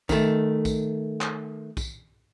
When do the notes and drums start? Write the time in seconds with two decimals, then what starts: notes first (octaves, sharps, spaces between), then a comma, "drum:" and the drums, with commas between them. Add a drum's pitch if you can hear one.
0.09 D#3 A3, drum: kick, tambourine
0.65 drum: kick, tambourine
1.21 drum: clap
1.77 drum: kick, tambourine